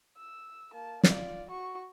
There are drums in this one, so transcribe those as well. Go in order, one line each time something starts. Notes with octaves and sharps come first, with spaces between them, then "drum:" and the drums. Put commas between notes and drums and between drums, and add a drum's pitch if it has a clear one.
E6
A#3 A5
F4 D5, drum: snare
F#4 C#6